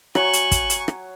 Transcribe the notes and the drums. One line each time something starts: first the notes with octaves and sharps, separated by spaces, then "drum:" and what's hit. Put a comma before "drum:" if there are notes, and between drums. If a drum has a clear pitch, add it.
F#3 G#5 C#6 F#7, drum: rim click
drum: hi-hat
drum: kick, hi-hat
drum: hi-hat
drum: rim click